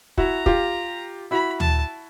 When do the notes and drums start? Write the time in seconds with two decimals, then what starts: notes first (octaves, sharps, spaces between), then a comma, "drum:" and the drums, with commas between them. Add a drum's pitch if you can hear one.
0.18 E4 F#4 A#5, drum: kick
0.46 F4 G4, drum: kick
1.31 E4 F#4 B5
1.60 A5, drum: tom D2